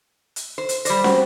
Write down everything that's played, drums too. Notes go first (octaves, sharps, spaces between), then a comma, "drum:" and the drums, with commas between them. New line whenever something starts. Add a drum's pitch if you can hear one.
drum: hi-hat
C5
drum: hi-hat
G3 C5 D5 A#6, drum: hi-hat
C4 F#4, drum: snare